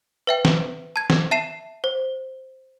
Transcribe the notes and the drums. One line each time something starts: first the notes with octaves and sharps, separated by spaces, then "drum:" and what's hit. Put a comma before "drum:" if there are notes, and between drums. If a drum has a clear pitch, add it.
B4 E5 G5
drum: snare
A5 G#6
drum: snare
E5 A5 C7 E7
C5